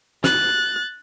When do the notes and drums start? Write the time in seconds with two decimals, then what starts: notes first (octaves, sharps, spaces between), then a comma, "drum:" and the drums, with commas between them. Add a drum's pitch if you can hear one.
0.24 F#6 A6, drum: snare